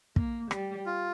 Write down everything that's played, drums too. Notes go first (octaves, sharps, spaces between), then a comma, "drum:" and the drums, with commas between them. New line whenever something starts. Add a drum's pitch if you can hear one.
A#3, drum: kick
G3, drum: rim click
F4